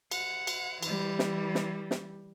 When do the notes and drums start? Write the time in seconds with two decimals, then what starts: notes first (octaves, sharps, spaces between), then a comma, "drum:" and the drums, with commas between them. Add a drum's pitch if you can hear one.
0.11 F#5, drum: cymbal
0.47 drum: cymbal
0.83 E3 G3, drum: cymbal
1.19 drum: snare
1.55 drum: snare
1.91 drum: snare